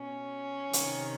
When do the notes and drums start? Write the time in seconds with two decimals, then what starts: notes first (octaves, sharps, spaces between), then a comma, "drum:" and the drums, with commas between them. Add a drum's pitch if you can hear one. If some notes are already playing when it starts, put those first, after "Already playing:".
Already playing: B2 C#4
0.73 C3 D#3, drum: hi-hat